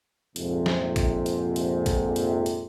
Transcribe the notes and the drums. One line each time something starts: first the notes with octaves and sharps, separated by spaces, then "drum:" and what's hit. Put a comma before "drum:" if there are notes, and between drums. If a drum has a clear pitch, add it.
A#1 F2 G#2 C3, drum: hi-hat
drum: snare
drum: kick A1, hi-hat
drum: hi-hat
drum: hi-hat
drum: kick A1, hi-hat
drum: hi-hat
drum: hi-hat